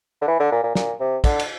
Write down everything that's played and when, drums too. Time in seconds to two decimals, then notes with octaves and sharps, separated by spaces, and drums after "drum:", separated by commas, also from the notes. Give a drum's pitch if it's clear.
0.21 D3
0.27 E3
0.40 D3
0.52 A#2
0.63 A#2
0.75 A#2, drum: snare
1.00 C3
1.24 D3, drum: kick, cymbal
1.39 drum: cymbal